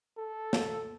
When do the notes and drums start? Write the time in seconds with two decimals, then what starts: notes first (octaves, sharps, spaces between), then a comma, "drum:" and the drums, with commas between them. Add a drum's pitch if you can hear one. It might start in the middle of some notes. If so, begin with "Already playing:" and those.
0.18 A4
0.53 drum: snare